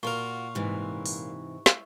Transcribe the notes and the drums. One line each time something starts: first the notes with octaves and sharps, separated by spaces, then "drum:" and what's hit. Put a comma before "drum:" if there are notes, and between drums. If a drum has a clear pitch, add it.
A#2 F4 F#4 A#4 C#6
G#2 C3 E3
drum: open hi-hat
A3, drum: snare